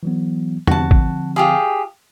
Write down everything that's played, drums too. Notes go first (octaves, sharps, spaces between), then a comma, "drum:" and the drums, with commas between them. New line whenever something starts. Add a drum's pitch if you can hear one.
E3 F#3 B3
D3 F3 C4 F#4 A5, drum: tom
drum: kick
F4 G4 G#4